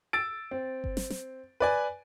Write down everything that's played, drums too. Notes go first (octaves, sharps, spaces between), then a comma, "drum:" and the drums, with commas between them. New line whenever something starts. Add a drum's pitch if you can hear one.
E6 A6 D7
C4
drum: kick G1
drum: snare
drum: snare
B4 D5 G#5